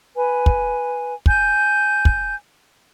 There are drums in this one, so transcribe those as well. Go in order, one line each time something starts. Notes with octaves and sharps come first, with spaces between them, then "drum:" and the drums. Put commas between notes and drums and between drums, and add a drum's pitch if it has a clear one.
B4 G#5
drum: kick
G#5 G6, drum: kick
drum: kick